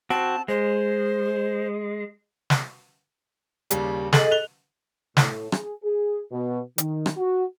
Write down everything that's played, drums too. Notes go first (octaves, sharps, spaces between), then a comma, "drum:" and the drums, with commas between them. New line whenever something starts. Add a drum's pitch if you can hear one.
C4 F#4 A5
G#3 C5
drum: snare
D#2 C#3 G3, drum: hi-hat
G#4 A4 D#5 F#7, drum: snare
F#6 F7 G7
A2, drum: snare
G#4, drum: rim click
G#4
B2
D#3, drum: hi-hat
drum: rim click
F#4